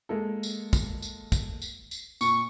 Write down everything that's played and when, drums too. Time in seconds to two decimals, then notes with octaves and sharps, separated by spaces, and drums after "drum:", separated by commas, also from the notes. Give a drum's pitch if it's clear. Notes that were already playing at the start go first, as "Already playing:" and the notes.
0.09 G#3 A#3 A4
0.43 drum: tambourine
0.73 drum: kick, tambourine
1.02 drum: tambourine
1.32 drum: kick, tambourine
1.62 drum: tambourine
1.91 drum: tambourine
2.21 A#2 C#6, drum: tambourine